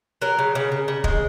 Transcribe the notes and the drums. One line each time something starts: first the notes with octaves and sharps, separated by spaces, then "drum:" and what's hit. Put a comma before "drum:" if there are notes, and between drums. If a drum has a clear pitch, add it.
F#3 A#4
C#3
C#3
C#3
C#3
G#3, drum: kick